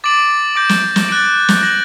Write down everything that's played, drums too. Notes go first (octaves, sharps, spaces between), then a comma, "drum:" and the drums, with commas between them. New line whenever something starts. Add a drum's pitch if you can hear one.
D6 A6 D7 F#7
D6 G6 A#6 D7
drum: snare
drum: snare
F#6 A6 D7
drum: snare
F#6 A#6 F#7